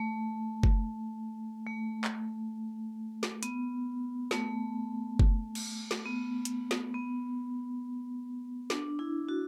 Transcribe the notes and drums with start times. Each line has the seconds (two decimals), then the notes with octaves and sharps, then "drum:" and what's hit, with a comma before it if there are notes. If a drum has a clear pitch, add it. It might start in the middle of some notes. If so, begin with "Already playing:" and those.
Already playing: A3
0.63 drum: kick F#1
1.67 A3
2.04 drum: clap
3.23 drum: snare
3.43 B3, drum: hi-hat
4.31 A3, drum: snare
5.19 drum: kick F#1
5.55 drum: cymbal
5.91 drum: snare
6.06 B3
6.45 drum: hi-hat
6.71 drum: snare
6.94 B3
8.70 D4, drum: snare
8.99 E4
9.29 F#4